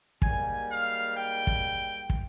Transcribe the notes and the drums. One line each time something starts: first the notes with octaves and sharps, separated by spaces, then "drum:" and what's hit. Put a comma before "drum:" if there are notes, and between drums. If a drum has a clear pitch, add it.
G#2 G3 A#3 G#5, drum: kick
F5
G5
drum: kick
drum: kick